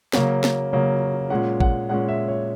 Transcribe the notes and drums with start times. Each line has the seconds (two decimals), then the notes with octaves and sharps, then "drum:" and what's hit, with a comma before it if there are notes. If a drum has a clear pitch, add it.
0.13 C#3 F#3 A#3 C#4, drum: snare
0.44 drum: snare
0.72 C#3 F#3 A#3 C#4
1.30 A#2 G#3 C#4 F#5
1.60 F#5, drum: kick
1.89 A#2 G#3 C#4 F#5
2.08 E5
2.28 C#5